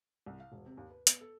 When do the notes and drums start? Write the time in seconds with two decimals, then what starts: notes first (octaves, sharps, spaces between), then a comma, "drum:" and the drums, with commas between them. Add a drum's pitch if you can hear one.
0.26 C2
0.40 F5
0.52 E1
0.66 C3
0.77 D#2
0.90 B4
1.07 B3, drum: hi-hat
1.21 A4